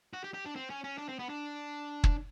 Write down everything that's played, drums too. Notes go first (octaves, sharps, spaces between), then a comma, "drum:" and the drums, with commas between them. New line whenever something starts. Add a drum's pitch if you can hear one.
F#4
G4
G4
D4
C4
C#4
C#4
D4
C4
B3
D4
drum: kick